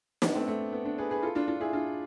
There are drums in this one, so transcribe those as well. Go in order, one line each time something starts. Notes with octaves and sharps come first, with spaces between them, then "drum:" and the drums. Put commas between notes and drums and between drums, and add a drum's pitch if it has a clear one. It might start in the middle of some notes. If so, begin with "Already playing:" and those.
B3 D4, drum: snare
A3 C4
A3
B3
B3 D4
G#4 B4
G#4 B4
F4 A4
D4 F4
D4 F4
E4 G#4
D4 F4